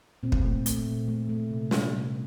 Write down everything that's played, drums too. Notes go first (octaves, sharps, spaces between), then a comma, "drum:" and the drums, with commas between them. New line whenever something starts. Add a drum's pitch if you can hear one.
A#2 C4
drum: kick
A3
A3, drum: hi-hat
A#2
A3
A3
C3
G3, drum: snare
C3